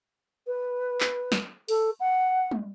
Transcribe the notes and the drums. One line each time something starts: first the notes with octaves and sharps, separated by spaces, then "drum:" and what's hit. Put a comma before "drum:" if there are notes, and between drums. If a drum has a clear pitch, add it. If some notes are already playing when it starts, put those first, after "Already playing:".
B4
drum: clap
drum: snare
A4, drum: open hi-hat
F#5
drum: tom G3